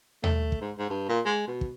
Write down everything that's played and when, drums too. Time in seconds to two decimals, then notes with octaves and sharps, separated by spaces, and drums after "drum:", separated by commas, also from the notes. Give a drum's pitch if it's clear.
0.24 A3, drum: tom D#2
0.52 drum: kick
0.61 G#2
0.78 G#2
0.90 G2
1.09 A#2
1.26 G#3
1.48 B2
1.61 drum: kick